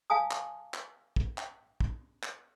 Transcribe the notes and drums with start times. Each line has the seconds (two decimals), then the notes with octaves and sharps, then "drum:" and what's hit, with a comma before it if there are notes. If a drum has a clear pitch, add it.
0.10 F5 G#5 A5 D#6
0.31 drum: clap
0.74 drum: clap
1.16 drum: kick
1.38 drum: clap
1.80 drum: kick
2.23 drum: clap